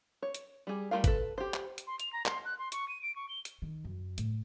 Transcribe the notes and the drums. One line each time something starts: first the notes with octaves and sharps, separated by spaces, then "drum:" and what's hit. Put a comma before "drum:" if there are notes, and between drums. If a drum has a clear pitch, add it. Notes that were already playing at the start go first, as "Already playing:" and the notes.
C#5
drum: hi-hat
G3 G#4
G3 A3 F4 A#4 F5
A4 B4, drum: kick G1, hi-hat
G4 C5
drum: clap
drum: hi-hat
C6
F7, drum: hi-hat
A#5
C6, drum: clap
F#6
C6
C#6, drum: hi-hat
D#7
D7
C#6
G7
drum: hi-hat
D#3
F#2
A2, drum: hi-hat